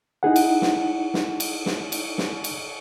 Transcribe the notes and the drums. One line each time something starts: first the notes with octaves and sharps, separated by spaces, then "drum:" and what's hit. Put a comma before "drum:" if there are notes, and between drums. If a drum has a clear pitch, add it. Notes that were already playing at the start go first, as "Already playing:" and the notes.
D#4 E4 G#4 F#5
drum: cymbal
drum: snare
drum: snare
drum: cymbal
drum: snare
drum: cymbal
drum: snare
drum: cymbal